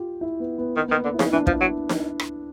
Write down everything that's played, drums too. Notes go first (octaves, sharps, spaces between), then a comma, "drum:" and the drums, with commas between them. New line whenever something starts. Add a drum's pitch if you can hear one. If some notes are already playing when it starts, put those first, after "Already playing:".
Already playing: F4 G4
E4
B3
B3
D#3 B3
B3
D#3
A#3
D3
E4
C#3, drum: snare D#4
E3 D4
F3, drum: kick
E4
F#3
drum: snare D#4
drum: rim click